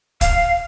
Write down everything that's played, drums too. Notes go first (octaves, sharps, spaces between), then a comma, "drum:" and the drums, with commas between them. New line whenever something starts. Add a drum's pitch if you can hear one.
F5, drum: kick, hi-hat